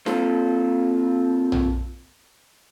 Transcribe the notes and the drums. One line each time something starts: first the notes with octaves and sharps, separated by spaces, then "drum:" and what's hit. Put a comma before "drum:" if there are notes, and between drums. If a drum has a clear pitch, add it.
A#3 C4 F4 A4, drum: snare
drum: tom A#1